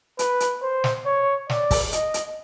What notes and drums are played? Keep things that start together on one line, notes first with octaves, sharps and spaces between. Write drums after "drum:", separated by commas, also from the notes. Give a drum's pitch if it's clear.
B4, drum: hi-hat
drum: hi-hat
C5
drum: snare
C#5
D5, drum: snare
drum: kick, open hi-hat
D#5, drum: hi-hat
drum: hi-hat